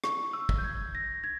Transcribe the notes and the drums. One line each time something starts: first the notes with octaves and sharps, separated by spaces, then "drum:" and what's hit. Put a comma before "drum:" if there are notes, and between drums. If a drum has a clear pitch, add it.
C#6, drum: rim click
E6
drum: kick
G6
G#6
A#6
G#6